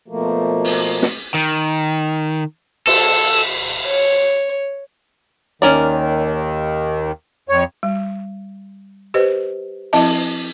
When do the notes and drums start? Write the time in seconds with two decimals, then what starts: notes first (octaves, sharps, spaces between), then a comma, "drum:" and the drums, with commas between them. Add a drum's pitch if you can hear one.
0.08 B2 F3 A3 A#3
0.64 drum: open hi-hat
1.02 drum: snare
1.34 D#3
2.87 A4, drum: cymbal
3.87 C#5
5.62 D#2 D#3 C#4 A#4 D5
7.49 F2 C#5
7.83 G3
9.14 G4 B4 C5 D#5
9.93 F3 C4 E4 D#5 E5 A5, drum: open hi-hat